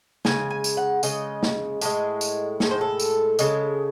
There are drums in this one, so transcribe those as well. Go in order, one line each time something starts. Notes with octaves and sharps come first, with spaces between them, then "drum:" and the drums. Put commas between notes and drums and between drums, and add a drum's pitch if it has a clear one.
C#3 G#3 G#5, drum: snare
G#5
drum: tambourine
F#5
C#3 G#3 D#5, drum: tambourine
drum: snare
A2 G#3, drum: tambourine
drum: tambourine
A2 G#3 A4, drum: snare
C5
A4
drum: tambourine
C#3 G#3, drum: tambourine